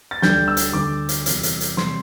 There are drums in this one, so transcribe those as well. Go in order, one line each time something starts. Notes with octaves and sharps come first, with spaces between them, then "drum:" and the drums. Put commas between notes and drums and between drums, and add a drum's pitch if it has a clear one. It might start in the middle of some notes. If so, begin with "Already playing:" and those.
A6
D2 D3 G3 G6, drum: snare
E6
drum: hi-hat
D2 D3 G3 D6
drum: hi-hat
E2 C3 G3, drum: hi-hat
drum: hi-hat
drum: hi-hat
C3 G3 C6, drum: snare